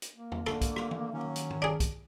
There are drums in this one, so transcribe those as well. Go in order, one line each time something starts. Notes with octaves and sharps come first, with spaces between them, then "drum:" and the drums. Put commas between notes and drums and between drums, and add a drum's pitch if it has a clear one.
drum: hi-hat
A#3
drum: tom
D3 A3 A4, drum: rim click
drum: kick, hi-hat
drum: rim click
drum: tom E3
D#3 F#3 C#4
drum: hi-hat
drum: tom G#2
D4 G#4
drum: kick, hi-hat